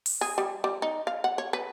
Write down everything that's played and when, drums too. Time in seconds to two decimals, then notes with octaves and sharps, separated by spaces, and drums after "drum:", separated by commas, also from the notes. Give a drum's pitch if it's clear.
0.06 drum: open hi-hat
0.21 G#4
0.38 G3
0.64 G3
0.82 D#4
1.07 F5
1.24 F#5
1.38 C#5
1.53 B4